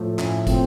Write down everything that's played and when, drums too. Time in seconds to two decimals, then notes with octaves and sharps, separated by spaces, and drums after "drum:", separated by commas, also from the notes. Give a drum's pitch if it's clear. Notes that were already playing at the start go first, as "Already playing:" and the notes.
Already playing: A2 F3 A3
0.19 A2 C#4, drum: clap
0.47 F3 A3 C4, drum: kick, hi-hat